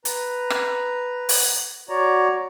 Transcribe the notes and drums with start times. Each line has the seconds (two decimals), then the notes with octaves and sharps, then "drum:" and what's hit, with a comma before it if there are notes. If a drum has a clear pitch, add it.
0.05 B4 A#5, drum: hi-hat
0.50 drum: rim click
1.29 drum: open hi-hat
1.89 F#4 C#5 D5 A#5